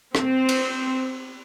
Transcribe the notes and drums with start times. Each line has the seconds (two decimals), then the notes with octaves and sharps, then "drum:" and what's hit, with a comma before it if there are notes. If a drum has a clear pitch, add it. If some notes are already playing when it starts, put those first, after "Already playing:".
0.15 C4, drum: rim click
0.49 drum: cymbal